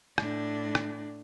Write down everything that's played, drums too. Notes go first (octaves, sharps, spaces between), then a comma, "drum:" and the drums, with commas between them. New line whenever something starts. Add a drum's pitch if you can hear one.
A2 D4, drum: rim click
drum: rim click